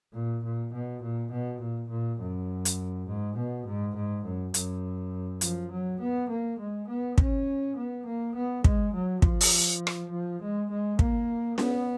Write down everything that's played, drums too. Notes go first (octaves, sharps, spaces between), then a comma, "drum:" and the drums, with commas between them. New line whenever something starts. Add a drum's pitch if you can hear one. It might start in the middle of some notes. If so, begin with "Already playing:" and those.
A#2
A#2
B2
A#2
B2
A#2
A#2
F#2
drum: hi-hat
G#2
B2
G#2
G#2
F#2
F#2, drum: hi-hat
F3, drum: hi-hat
F#3
B3
A#3
G#3
B3
C#4, drum: kick
B3
A#3
B3
G#3, drum: kick
F#3
F3, drum: kick
drum: open hi-hat
drum: rim click
F3
G#3
G#3
A#3, drum: kick
B3, drum: snare C#4